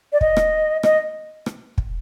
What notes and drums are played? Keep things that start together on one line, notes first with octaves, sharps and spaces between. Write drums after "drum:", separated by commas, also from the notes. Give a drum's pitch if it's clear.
D5
D#5, drum: kick
drum: rim click
D#5, drum: rim click
drum: rim click
drum: kick